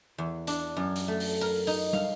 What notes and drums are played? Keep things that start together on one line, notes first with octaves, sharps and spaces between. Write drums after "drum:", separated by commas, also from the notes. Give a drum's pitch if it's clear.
E2
D4, drum: hi-hat
F#2
drum: hi-hat
A3
drum: open hi-hat
A#4
D#4, drum: open hi-hat
F5, drum: tom